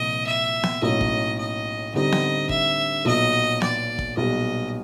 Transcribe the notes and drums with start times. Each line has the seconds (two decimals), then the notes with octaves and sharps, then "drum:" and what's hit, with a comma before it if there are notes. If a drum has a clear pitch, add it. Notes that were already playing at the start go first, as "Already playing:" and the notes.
Already playing: C2 A#2 F3 D#5
0.26 E5
0.63 drum: snare B3
0.82 B1 A2 F#3 A#3 C#4 D#5
1.01 drum: kick
1.38 D#5
1.94 D2 D3 G3 C4 D#4 D#5
2.12 drum: snare B3
2.49 E5, drum: kick
3.05 B1 A#2 F#3 B3 D#5
3.62 D5, drum: snare B3
3.99 drum: kick
4.17 B1 A#2 G3 B3 D#5